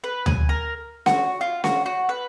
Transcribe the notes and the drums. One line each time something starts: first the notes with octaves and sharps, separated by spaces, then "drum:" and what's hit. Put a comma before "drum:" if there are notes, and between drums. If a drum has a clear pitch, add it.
B4
G#5, drum: tom D2
A#4
F#4, drum: snare C#4
F4
F#4, drum: snare C#4
F#4
B4